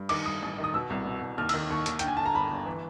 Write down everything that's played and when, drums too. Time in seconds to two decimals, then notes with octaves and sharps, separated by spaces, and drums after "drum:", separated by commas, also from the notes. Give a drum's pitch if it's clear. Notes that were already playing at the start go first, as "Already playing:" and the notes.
Already playing: G2
0.09 D#3 D6, drum: cymbal
0.25 G2 D#6
0.42 A1
0.58 D#3
0.64 D#6
0.74 B2 E6
0.90 C2
1.05 B2
1.22 C2
1.38 D#2 F6
1.49 E6, drum: cymbal
1.54 D#3
1.70 D#2 C#6
1.86 D#2, drum: hi-hat
1.99 D3 G5, drum: hi-hat
2.08 G#5
2.17 D3 A5
2.26 A#5
2.34 G1 B5
2.50 G1
2.66 E3